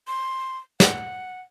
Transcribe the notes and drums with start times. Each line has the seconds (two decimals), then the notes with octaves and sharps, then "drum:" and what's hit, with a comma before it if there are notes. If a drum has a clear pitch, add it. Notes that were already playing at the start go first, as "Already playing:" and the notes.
0.08 C6
0.80 F#5, drum: snare